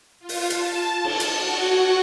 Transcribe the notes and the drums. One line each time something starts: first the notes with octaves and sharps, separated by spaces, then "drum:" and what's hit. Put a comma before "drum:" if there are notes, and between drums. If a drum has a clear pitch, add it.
F4
drum: open hi-hat
A5, drum: hi-hat
drum: cymbal
drum: hi-hat
F#4